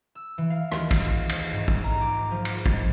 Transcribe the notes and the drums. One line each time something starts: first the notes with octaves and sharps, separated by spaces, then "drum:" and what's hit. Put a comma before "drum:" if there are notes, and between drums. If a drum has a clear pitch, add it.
E6
E3
F5
D#2, drum: rim click
drum: kick, cymbal
drum: cymbal
G#2
drum: kick
A#5
D6
F3
drum: cymbal
G#2, drum: kick